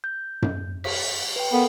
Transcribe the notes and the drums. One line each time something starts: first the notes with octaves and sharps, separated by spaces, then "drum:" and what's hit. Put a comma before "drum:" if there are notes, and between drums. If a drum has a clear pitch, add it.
G6
drum: tom F#2
B6, drum: cymbal
B4 G5
B3 A4 A#4 F5